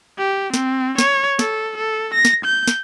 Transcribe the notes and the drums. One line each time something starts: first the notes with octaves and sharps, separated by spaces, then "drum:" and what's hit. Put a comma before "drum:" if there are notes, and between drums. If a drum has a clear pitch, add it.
G4
C4, drum: snare
C#5, drum: snare
A4, drum: snare
A4
A#6
drum: snare
G6
drum: snare